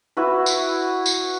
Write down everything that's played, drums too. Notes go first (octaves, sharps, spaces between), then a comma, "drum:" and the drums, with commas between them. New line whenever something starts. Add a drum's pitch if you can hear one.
E4 F#4 B4
drum: tambourine
drum: tambourine